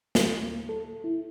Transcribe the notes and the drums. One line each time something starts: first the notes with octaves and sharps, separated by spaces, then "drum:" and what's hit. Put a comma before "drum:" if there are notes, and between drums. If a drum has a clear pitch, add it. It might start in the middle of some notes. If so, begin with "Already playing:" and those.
drum: snare
A#3
A4
E4